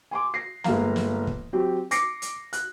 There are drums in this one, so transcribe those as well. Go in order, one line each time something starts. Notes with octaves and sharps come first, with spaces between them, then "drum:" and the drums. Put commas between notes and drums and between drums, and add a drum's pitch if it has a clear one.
G#5 C6 D6
A#6 C7
G1 G#3 A#3 F5 A#5, drum: snare
drum: snare
drum: kick
F#3 C4 G4
D6 A#6 C7 C#7, drum: hi-hat
drum: hi-hat
F#6, drum: hi-hat